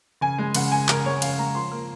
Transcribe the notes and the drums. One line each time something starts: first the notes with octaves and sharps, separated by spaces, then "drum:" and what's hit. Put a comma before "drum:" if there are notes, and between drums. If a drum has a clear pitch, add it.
C#3 G#5
G#3
C#3 F#5, drum: cymbal
C#3 G#5
C#3 A#4, drum: clap
G#3 C#5
C#3 F5, drum: cymbal
G#3 A#5
F3 C6
A#3